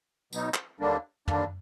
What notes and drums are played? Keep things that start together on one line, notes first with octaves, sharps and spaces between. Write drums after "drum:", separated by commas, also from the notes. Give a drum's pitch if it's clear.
B2 F#3 B3 D#4, drum: tambourine
drum: clap
D#2 D3 G3 A#3 D4
D#2 D3 G3 A#3 D4, drum: tom